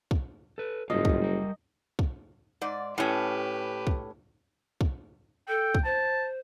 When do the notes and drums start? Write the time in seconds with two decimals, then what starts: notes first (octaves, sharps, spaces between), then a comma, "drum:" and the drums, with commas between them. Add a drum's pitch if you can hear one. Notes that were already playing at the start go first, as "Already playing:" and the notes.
0.11 drum: kick
0.58 A4 B4
0.90 F#1 G#2 G3 F4 D#5
1.05 drum: kick
1.22 G3 A#4
1.99 drum: kick
2.61 G#2 D5
2.98 A2 C#4 G4 B4
3.87 drum: kick
4.81 drum: kick
5.49 A4 G5
5.75 drum: kick
5.85 C5 A5